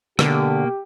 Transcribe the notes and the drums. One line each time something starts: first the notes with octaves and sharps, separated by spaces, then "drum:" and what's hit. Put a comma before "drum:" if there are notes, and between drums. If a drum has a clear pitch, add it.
B2 D3 A#3 G4, drum: rim click